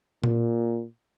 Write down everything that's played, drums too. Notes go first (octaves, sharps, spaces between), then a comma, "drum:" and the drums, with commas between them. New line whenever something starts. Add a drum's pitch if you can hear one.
A#2, drum: tom A#2